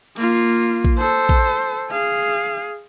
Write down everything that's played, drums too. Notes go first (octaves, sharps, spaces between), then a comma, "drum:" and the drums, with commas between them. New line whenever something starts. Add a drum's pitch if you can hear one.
A#3 F4, drum: cymbal
drum: kick A#1
A4 C5
drum: kick A#1
G#4 F5